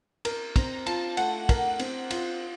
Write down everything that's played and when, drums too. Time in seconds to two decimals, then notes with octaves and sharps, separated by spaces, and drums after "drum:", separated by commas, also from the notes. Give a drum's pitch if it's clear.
0.25 A#4, drum: cymbal
0.56 C4 A#5, drum: kick, cymbal
0.86 F4 A5, drum: cymbal
1.17 A3 F#5, drum: cymbal
1.49 A#4, drum: kick, cymbal
1.79 C4, drum: cymbal
2.11 F4, drum: cymbal